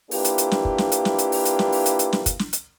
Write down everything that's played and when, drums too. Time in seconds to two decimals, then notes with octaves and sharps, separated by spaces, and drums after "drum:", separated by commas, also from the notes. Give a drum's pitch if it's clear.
0.11 A#3 D4 E4 F4 G4 B4, drum: open hi-hat
0.25 drum: hi-hat
0.38 drum: hi-hat
0.51 drum: snare
0.65 drum: kick
0.78 drum: snare
0.92 drum: hi-hat
1.05 drum: snare
1.19 drum: hi-hat
1.32 drum: open hi-hat
1.45 drum: hi-hat
1.59 drum: snare
1.72 drum: open hi-hat
1.86 drum: hi-hat
1.99 drum: hi-hat
2.13 drum: snare
2.26 drum: kick, hi-hat
2.39 drum: snare
2.53 drum: hi-hat